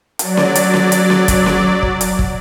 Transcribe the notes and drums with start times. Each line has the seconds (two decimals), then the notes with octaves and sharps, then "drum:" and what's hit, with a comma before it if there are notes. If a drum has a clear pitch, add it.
0.19 F#3 D5, drum: hi-hat
0.37 drum: snare C#4
0.55 drum: hi-hat
0.74 drum: snare C#4
0.92 drum: hi-hat
1.10 drum: snare C#4
1.28 drum: kick, hi-hat
1.46 drum: snare C#4
1.82 drum: kick
2.01 drum: hi-hat
2.19 drum: kick